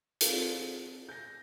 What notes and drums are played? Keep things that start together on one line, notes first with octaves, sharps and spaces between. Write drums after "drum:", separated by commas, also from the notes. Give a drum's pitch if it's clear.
C4 F4 G#4 A4, drum: hi-hat
G6 A#6